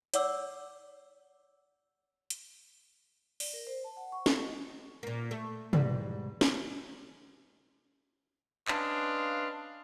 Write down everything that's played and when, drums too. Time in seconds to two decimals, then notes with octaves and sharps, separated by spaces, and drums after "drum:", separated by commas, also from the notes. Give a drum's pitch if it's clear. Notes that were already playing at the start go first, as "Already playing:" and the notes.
0.14 C#5 D5 F#5 D6 E6, drum: hi-hat
2.30 drum: hi-hat
3.40 D5, drum: open hi-hat
3.53 A#4
3.67 C5
3.84 A5
3.97 F#5
4.12 C#6
4.26 A4, drum: snare
4.40 D#5
5.03 A#2 A#3
5.31 A3
5.73 E2 G#2 G3, drum: tom
6.41 drum: snare
8.68 C#4 D4 B4 D#5 F5 C6, drum: clap